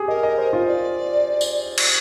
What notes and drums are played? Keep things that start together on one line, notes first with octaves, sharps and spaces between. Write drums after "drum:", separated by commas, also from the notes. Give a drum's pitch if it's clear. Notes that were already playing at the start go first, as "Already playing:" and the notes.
Already playing: G4 G#4
A#4 D#5
D#5
C5
F4
D5
drum: tambourine
drum: cymbal